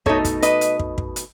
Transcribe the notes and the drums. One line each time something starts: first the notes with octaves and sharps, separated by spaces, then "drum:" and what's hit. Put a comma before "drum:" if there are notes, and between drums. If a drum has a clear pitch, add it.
B2 A3 D#4 A4 C#5, drum: kick
drum: kick, hi-hat
B4 D#5, drum: hi-hat
drum: hi-hat
drum: kick
drum: kick
drum: hi-hat